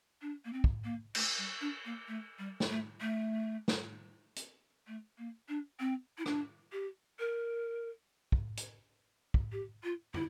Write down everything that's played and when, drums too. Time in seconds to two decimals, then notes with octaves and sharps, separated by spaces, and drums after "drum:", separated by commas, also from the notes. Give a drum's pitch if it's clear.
0.22 D4
0.45 A#3
0.53 C4
0.64 drum: kick
0.84 A#3
1.15 A3, drum: cymbal
1.38 G3
1.61 D4
1.85 A#3
2.08 A3
2.39 G3
2.60 drum: snare
2.69 A3
3.01 A3
3.68 drum: snare
4.36 drum: hi-hat
4.87 A3
5.18 A#3
5.49 D4
5.80 C4
6.18 E4
6.26 D4, drum: rim click
6.72 G4
7.19 A#4
8.32 drum: kick
8.57 drum: hi-hat
9.34 drum: kick
9.52 G4
9.83 F4
10.14 E4, drum: tom